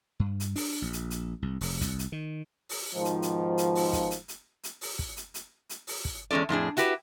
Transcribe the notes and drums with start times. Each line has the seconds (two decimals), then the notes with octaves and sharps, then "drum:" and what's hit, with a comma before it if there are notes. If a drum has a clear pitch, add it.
0.20 G2
0.40 drum: hi-hat
0.56 D4, drum: open hi-hat
0.82 A#1
0.93 drum: hi-hat
1.10 drum: hi-hat
1.42 C2
1.61 F1, drum: open hi-hat
1.81 C2, drum: kick, hi-hat
1.99 drum: hi-hat
2.12 D#3
2.69 drum: open hi-hat
2.95 G#2 B2 D#3 F3
3.05 drum: hi-hat
3.22 drum: hi-hat
3.58 drum: hi-hat
3.75 drum: open hi-hat
3.93 drum: kick, hi-hat
4.11 drum: hi-hat
4.28 drum: hi-hat
4.64 drum: hi-hat
4.81 drum: open hi-hat
4.99 drum: kick
5.17 drum: hi-hat
5.34 drum: hi-hat
5.69 drum: hi-hat
5.87 drum: open hi-hat
6.05 drum: kick
6.31 E2 G#3 C#4 A4 D5
6.49 F2 A2 D4 G#4
6.77 E4 F#4 G4 B4, drum: hi-hat